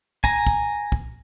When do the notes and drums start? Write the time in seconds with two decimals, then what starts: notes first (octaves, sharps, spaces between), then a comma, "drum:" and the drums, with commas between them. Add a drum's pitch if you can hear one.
0.24 G#5 A#5, drum: kick
0.47 drum: kick
0.92 drum: kick